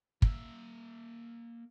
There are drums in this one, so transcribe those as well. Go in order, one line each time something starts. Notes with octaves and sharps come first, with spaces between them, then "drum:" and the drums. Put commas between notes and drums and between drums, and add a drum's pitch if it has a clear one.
A#3 E5, drum: kick